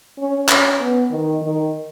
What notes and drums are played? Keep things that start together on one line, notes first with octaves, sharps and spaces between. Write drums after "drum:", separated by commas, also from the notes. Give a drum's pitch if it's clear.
C#4
C#4, drum: clap
B3
D#3
D#3